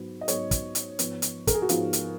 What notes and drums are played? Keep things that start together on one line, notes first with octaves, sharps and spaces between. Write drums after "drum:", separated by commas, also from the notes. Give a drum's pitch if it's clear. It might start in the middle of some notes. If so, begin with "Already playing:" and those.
Already playing: G#2 F#3 B3
D#5
G#2 F#3 B3 C#5, drum: hi-hat
drum: kick, hi-hat
drum: hi-hat
G#2 F3 B3, drum: hi-hat
drum: hi-hat
A#4, drum: kick, hi-hat
G#4
F#4
G#2 F3 B3 F4, drum: hi-hat
drum: hi-hat